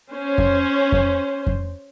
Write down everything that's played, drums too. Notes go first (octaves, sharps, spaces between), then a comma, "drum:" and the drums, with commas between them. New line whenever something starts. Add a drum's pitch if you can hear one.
C#4 C5
drum: kick F2
drum: kick F2
drum: kick F2